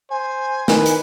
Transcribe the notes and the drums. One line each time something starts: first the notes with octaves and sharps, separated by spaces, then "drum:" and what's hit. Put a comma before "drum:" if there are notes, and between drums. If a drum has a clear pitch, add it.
C5 G#5
D#3 B4, drum: snare
drum: hi-hat